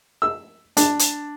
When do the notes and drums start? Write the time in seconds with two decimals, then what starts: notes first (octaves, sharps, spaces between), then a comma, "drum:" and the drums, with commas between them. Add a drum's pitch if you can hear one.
0.22 E6
0.77 D4, drum: hi-hat
0.99 drum: hi-hat